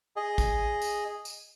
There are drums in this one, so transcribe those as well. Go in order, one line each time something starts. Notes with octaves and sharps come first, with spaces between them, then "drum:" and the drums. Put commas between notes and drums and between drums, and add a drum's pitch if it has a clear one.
G#4 D#5
drum: kick G#1, tambourine
drum: tambourine
drum: tambourine